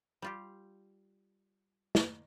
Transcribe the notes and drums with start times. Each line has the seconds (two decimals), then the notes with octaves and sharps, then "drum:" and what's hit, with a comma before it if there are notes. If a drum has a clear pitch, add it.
0.22 G3 F4 G4
1.95 drum: snare